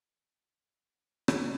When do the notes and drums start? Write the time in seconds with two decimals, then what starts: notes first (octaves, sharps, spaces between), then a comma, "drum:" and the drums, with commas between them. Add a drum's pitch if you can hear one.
0.20 A#3 F#4
0.81 D4 F#4
1.28 drum: rim click